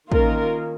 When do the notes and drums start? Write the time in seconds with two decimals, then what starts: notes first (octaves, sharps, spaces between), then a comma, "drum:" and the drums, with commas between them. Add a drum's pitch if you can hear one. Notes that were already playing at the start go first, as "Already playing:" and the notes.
0.12 D#3 A#3 C#4 F4 A#4, drum: kick